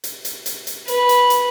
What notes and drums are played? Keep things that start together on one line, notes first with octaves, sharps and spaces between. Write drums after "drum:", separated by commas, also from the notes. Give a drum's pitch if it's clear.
drum: hi-hat
drum: hi-hat
drum: hi-hat
drum: hi-hat
B4, drum: hi-hat
drum: hi-hat
drum: hi-hat